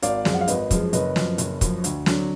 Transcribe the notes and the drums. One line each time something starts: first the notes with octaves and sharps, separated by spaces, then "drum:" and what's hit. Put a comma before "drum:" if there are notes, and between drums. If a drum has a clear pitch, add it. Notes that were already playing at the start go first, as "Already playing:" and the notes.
G#1 D5 F5, drum: hi-hat
F#2 F3 G#3, drum: snare
F#5
F5
G#1 B4 D#5, drum: hi-hat
F#2 F3 G#3, drum: kick, hi-hat
F#1 B4 D#5, drum: hi-hat
F#2 F3, drum: snare
F#1, drum: hi-hat
F#2 F3, drum: kick, hi-hat
D2, drum: hi-hat
D3 F#3, drum: snare